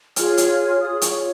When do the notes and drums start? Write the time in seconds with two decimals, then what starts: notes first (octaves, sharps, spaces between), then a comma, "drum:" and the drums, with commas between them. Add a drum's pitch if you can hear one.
0.16 F4 G#4 C#5 F6, drum: hi-hat
0.38 drum: hi-hat
0.69 F6
0.80 F4 G#4 C#5 D#6
1.02 C#6, drum: hi-hat